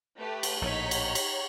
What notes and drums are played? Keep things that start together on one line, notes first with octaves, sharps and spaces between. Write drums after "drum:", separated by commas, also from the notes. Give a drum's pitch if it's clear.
A3 G4 B4
drum: cymbal
A#1 A2 D#4 C#5 A#5 B6
drum: cymbal
drum: cymbal